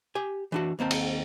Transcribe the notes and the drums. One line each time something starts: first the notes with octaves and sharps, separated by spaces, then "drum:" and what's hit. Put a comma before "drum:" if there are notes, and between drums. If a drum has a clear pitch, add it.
G4 G#5
E3 D4 F#4
D#2 A#3 C4 A5
drum: cymbal